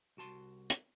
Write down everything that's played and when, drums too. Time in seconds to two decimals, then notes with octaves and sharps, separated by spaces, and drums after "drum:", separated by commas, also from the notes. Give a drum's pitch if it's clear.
0.17 C2 F#4 A5 C6
0.70 drum: hi-hat